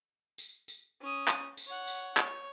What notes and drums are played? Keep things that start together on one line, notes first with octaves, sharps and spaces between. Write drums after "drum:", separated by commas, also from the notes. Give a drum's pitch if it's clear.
drum: tambourine
drum: tambourine
C#4 D#6
drum: clap
drum: tambourine
C#5 F#5
drum: tambourine
C#5, drum: clap